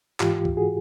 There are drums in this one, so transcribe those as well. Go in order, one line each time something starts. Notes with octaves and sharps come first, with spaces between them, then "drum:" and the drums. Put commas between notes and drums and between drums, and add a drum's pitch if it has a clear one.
G#2 E3 F4 G4, drum: clap
drum: kick C#2
F#4 G#4